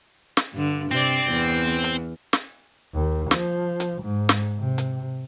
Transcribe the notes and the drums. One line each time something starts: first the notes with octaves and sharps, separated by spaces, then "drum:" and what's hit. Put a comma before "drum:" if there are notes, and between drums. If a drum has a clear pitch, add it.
drum: snare
G2 D3
C3 C4 D5
E2
drum: hi-hat
drum: snare
D#2
F3, drum: snare
drum: hi-hat
G#2
drum: snare
C3
drum: hi-hat